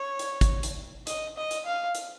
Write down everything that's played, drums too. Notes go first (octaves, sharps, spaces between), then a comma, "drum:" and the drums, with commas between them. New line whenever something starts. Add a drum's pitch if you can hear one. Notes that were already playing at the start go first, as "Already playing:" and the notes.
Already playing: C#5
drum: hi-hat
drum: kick, hi-hat
drum: hi-hat
D#5, drum: hi-hat
D#5
drum: hi-hat
F5
drum: hi-hat